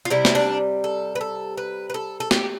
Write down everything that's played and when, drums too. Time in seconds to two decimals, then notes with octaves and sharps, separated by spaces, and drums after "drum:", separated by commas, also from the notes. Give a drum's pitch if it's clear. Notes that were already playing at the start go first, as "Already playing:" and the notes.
0.05 F4
0.10 C3 G3 E4
0.25 drum: snare
0.35 D4
0.84 A4
1.15 B4
1.21 A4
1.58 B4
1.90 B4
1.94 A4
2.20 A4
2.31 G4, drum: snare